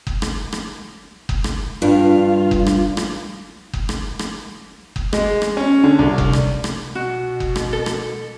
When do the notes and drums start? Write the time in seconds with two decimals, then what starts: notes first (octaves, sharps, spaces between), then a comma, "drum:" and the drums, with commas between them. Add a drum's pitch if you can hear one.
0.07 drum: kick F#1
0.22 drum: rim click
0.52 drum: rim click
1.29 drum: kick F#1
1.44 drum: rim click
1.82 G2 F4
2.51 drum: kick F#1
2.66 drum: rim click
2.97 drum: rim click
3.73 drum: kick F#1
3.89 drum: rim click
4.19 drum: rim click
4.96 drum: kick F#1
5.13 G#3, drum: rim click
5.42 drum: rim click
5.57 C#4
5.84 D3
5.99 C2
6.18 drum: kick F#1
6.33 drum: rim click
6.64 drum: rim click
6.95 B2 F#4
7.40 drum: kick F#1
7.56 drum: rim click
7.73 A4
7.86 drum: rim click